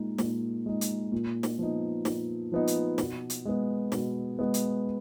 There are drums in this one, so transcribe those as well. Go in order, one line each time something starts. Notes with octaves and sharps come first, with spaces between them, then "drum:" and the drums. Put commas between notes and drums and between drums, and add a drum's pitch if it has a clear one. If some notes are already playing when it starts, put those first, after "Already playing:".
Already playing: A#2 G#3 D#4
A#2, drum: snare
G#3 D#4
drum: hi-hat
A#2
drum: snare
F3 B3 D#4
A#2, drum: snare
F3 B3 D#4
drum: hi-hat
B2, drum: snare
drum: hi-hat
G#3 B3
B2, drum: snare
G#3 B3
drum: hi-hat